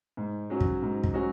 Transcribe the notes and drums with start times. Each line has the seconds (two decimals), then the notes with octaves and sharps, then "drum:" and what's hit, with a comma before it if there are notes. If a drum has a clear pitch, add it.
0.17 G#2
0.50 F#3 C#4 F#4
0.61 drum: kick
0.82 G#2
1.04 drum: kick
1.14 F#3 C#4 F#4